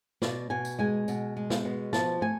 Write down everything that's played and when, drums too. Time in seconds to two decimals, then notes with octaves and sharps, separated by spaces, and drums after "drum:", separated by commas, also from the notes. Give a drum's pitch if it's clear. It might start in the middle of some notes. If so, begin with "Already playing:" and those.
0.22 B2 D5, drum: snare
0.50 B2 G#5
0.65 drum: tambourine
0.79 G#3 G#5
1.08 B2, drum: tambourine
1.37 G#3
1.50 drum: snare
1.65 B2
1.93 F3 A5, drum: snare
2.21 A3 G#5